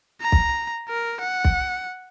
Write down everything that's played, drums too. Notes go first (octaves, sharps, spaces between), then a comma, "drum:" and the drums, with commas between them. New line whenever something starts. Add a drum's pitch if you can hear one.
A#5
drum: kick
A#4
F#5
drum: kick